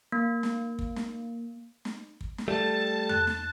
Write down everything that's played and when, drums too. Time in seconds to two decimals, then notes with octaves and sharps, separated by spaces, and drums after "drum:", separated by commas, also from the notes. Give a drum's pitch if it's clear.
0.12 A#3
0.43 drum: snare
0.79 drum: kick
0.96 drum: snare
1.85 drum: snare
2.21 drum: kick
2.38 drum: snare
2.48 G3 A3 A4 A5
3.09 F#6, drum: tom F2
3.27 drum: snare